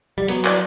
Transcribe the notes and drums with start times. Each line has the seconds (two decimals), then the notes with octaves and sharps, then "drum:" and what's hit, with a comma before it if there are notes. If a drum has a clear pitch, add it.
0.18 G3
0.28 F#3 B3, drum: cymbal
0.45 E4 B4 D5, drum: clap